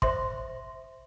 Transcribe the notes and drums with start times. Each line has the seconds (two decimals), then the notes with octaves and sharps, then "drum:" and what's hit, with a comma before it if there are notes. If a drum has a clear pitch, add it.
0.02 C5 E5 C6, drum: kick